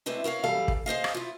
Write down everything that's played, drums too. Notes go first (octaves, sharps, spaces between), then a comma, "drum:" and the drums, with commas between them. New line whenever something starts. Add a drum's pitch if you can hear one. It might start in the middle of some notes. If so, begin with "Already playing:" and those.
G#3 A3 C4 D4 E4 B4
E4 A#4 C#5 F5
F#2 E3 G3 A4 F5
drum: kick
G#4 C5 D#5 F5
drum: rim click
E4 F4